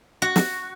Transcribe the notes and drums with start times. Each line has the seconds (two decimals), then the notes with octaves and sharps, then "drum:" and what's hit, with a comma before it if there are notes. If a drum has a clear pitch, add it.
0.22 F#4
0.36 drum: snare